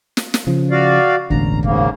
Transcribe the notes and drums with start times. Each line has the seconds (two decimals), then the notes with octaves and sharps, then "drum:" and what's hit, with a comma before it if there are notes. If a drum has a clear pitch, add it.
0.17 drum: snare
0.34 drum: snare
0.47 C#3 F3
0.71 F#4 D5 F5
1.30 E1 A1 D3 A#5, drum: kick
1.62 G#2 C#3 A#3, drum: kick